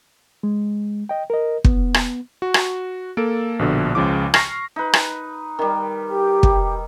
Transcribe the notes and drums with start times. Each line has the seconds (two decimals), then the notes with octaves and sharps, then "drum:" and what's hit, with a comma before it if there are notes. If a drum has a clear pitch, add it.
0.43 G#3
1.09 D#5 G5
1.30 A#4 D#5
1.64 B3, drum: kick
1.94 drum: rim click
2.42 F#4
2.54 drum: rim click
3.17 A#3 A4 D7
3.59 A#1 B2 D3
3.95 C#2 C#3 F3 F4 D6
4.34 C#6 F6 A#6 C7, drum: rim click
4.76 D#4 B4
4.93 drum: rim click
5.59 D#3 G3
6.08 G4
6.43 drum: kick